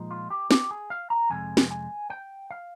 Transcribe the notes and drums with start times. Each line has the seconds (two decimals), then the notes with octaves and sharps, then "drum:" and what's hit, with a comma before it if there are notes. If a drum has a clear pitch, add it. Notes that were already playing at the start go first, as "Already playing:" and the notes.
Already playing: A#2 F3 G#3 D#4
0.11 F4
0.30 G4
0.51 G4, drum: snare
0.71 G#4
0.90 F5
1.10 A#5
1.30 F2 C3 G#3 G#5
1.57 drum: snare
1.71 G#5
2.10 G5
2.51 F5